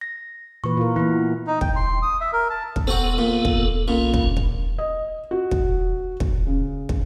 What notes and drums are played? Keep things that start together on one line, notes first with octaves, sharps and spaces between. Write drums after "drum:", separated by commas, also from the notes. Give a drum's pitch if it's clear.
A#6
A#2 E3 B4 C#6
F4 A#4
E3 A#3 B3 E4
D#4
G5, drum: kick
C6
D#6
E5
A#4
A5
drum: kick
B3 C4 F#4 A4
A#2
drum: kick
B1 A#2 C#4
drum: kick
drum: kick
D#5
F#4
drum: kick
drum: kick
C#3
drum: kick